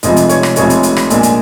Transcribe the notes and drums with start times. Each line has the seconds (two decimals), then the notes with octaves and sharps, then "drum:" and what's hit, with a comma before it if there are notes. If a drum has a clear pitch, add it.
0.03 F1 F2 C3 F3 G#3 D#5, drum: hi-hat
0.17 drum: hi-hat
0.29 C#5, drum: hi-hat
0.43 drum: rim click
0.56 F1 F2 C3 F3 G#3 C#5, drum: hi-hat
0.70 drum: hi-hat
0.83 drum: hi-hat
0.96 drum: rim click
1.10 A#1 A#2 G#3, drum: hi-hat
1.23 drum: hi-hat